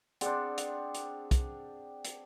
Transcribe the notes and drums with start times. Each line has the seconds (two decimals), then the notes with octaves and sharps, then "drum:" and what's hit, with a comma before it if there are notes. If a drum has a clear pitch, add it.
0.21 C4 D4 G#4 D5 F#5, drum: hi-hat
0.58 drum: hi-hat
0.95 drum: hi-hat
1.31 drum: kick, hi-hat
2.05 drum: hi-hat